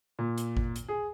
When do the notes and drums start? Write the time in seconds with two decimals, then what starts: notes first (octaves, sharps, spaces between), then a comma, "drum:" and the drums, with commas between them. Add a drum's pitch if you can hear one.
0.19 A#2
0.38 drum: hi-hat
0.57 drum: kick G#1
0.76 drum: hi-hat
0.89 G#4